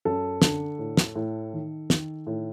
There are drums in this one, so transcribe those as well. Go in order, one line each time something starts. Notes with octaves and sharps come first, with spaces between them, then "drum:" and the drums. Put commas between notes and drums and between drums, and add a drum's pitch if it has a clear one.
F#2 A4
D3, drum: snare
A2
drum: snare
A2
D#3
D#3, drum: snare
A2